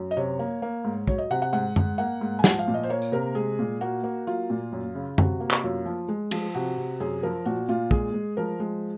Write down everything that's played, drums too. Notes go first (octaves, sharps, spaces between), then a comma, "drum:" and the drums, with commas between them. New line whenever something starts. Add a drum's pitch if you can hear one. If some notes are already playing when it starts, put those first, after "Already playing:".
Already playing: F#2
D#5
C3 C#5
A#3
A#3
G#2
F#3 C#5, drum: kick
D#5
C3 F#5
F#5
G#2 F#5
G#2, drum: tom F#2
A#3 F#5
G#2
G#5
F3 F#5, drum: snare
F5
A#2
D#5
C5
A#3 C#5
drum: tambourine
C3 A#4
G#3 G#4
A#2
A#3 F#4
A#3
F#3 F4
A#2
F#2
C#3
C3 F#4, drum: tom F#2
A#3
drum: clap
F#2 F4
F3
G#3
F3, drum: cymbal
C3 F#4
C3
F#2 G#4
F3 A#4
A#2 F#4
A#2 F4
G#3 G#4, drum: kick
G#3
F3 A#4
G#3